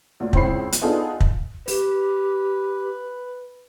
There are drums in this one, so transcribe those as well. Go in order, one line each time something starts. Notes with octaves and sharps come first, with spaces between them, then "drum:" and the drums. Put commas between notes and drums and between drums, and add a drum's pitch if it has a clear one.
D2 A#2
C#2 C#3 C4 E4 B5 C7, drum: kick
drum: hi-hat
B3 D4 D#4 F4 G#4 A4
drum: kick
G4 B4, drum: open hi-hat